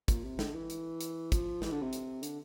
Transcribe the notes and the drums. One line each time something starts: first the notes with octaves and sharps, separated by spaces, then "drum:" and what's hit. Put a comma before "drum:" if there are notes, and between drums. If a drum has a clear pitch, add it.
A#2, drum: kick, hi-hat
C3
D3, drum: snare
E3
drum: hi-hat
drum: hi-hat
F3, drum: kick, hi-hat
E3, drum: snare
D3
C3
drum: hi-hat
D3, drum: hi-hat